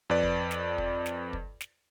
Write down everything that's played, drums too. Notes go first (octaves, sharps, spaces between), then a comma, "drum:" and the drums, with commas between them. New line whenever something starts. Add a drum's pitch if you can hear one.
F2 B4 D5
drum: kick
drum: snare
drum: kick
drum: snare
drum: kick
drum: snare